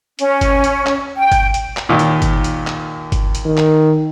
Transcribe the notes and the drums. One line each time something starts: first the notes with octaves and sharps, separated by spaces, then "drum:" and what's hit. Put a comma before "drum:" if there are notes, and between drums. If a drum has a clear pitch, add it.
C#4, drum: hi-hat
drum: kick G1, hi-hat
drum: hi-hat
drum: clap
G5
drum: kick G1, hi-hat
drum: hi-hat
drum: clap
D#2 A#2
drum: hi-hat
drum: kick G1, hi-hat
drum: hi-hat
drum: clap
drum: kick G1, hi-hat
drum: hi-hat
D#3
drum: clap